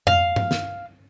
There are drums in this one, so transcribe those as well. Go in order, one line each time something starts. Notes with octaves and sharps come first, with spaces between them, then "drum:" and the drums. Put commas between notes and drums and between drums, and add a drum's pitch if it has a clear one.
F5, drum: tom F2
drum: tom G2
drum: snare